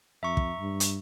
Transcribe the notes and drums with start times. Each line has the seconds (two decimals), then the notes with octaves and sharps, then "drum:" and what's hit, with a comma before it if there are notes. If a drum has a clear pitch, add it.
0.23 F2 E5 A#5 C#6
0.37 drum: kick
0.59 G2
0.80 drum: hi-hat